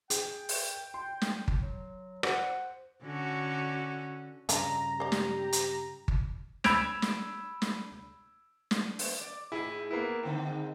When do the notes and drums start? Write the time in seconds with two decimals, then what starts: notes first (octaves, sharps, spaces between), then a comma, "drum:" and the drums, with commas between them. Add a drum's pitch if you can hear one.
0.10 G#4 G5, drum: hi-hat
0.49 drum: open hi-hat
0.94 C6
1.21 drum: snare
1.48 drum: kick G1
1.58 F#3
2.23 C5 F#5, drum: rim click
3.03 D3 C#4 F#4
4.49 G2 C#3 D4 F4 G4 A#5, drum: hi-hat
5.00 G4 C5 D5
5.12 drum: snare
5.53 drum: hi-hat
6.08 drum: kick G1
6.64 B5 E6 G#6 D7 F7, drum: snare
7.02 drum: snare
7.62 drum: snare
8.71 drum: snare
8.99 A#3, drum: open hi-hat
9.21 D5
9.52 A2 E4 G#4
9.91 A#3 B3 E4
10.23 G#2 D3 D#3 C4